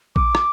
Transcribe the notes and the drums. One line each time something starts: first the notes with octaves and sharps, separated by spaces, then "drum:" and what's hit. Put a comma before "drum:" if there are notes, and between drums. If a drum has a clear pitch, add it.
D6, drum: kick A#1
drum: rim click